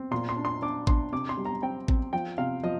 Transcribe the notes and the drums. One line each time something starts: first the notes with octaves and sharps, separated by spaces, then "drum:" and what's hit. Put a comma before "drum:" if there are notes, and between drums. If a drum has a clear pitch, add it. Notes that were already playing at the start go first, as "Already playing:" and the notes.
Already playing: C4
A#2 C6
C6
D4
C6
D4 D6
D4 C6, drum: kick
C3 D6
C6
G3
A#5
C4 G5
C4, drum: kick
F3 G5
C3 F5
F3 D#5